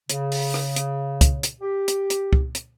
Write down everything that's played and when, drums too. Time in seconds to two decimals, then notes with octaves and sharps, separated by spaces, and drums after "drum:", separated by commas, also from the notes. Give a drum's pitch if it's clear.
0.10 C#3, drum: hi-hat
0.32 drum: open hi-hat
0.54 drum: rim click
0.76 drum: hi-hat
1.21 drum: kick, hi-hat
1.43 drum: hi-hat
1.61 G4
1.88 drum: hi-hat
2.10 drum: hi-hat
2.33 drum: kick
2.55 drum: hi-hat